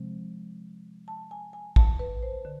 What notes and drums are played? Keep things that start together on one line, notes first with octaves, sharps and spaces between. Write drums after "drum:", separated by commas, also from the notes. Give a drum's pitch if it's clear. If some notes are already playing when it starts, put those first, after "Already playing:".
Already playing: C3 F3 G#3 C4
A5
G#5
G#5
A5, drum: kick
B4
C5
D3